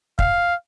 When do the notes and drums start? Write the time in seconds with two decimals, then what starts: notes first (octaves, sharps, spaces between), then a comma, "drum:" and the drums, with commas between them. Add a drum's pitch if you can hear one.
0.19 F5, drum: kick